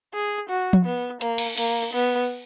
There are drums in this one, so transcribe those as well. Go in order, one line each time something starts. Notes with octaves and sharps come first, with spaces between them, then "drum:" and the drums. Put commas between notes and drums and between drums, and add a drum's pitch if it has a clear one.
G#4
F#4
drum: tom F3
B3
A#3, drum: hi-hat
drum: cymbal
A#3, drum: cymbal
B3